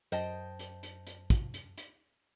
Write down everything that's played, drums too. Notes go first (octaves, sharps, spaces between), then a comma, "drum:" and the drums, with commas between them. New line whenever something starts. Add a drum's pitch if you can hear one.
F#2 C5 D#5 G5 A5, drum: hi-hat
drum: hi-hat
drum: hi-hat
drum: hi-hat
drum: kick, hi-hat
drum: hi-hat
drum: hi-hat